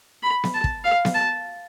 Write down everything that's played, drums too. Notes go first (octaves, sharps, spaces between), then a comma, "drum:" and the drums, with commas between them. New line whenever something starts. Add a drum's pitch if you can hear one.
B5
drum: snare B3
A5
drum: kick
F5
drum: snare B3
A5